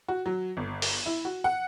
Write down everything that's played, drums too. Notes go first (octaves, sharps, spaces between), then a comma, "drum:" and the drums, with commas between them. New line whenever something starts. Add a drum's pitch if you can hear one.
F#4
F#3
G1
drum: open hi-hat
E4
F#4
F#5